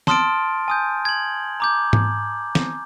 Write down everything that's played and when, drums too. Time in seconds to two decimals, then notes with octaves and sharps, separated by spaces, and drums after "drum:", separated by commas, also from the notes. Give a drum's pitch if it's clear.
0.07 A5 C6 D#6 F6 A6 D7, drum: snare
0.68 G#5 D#6 G6
1.05 G#6 F#7
1.60 A#5 D6 G6
1.93 drum: tom G#2
2.55 drum: snare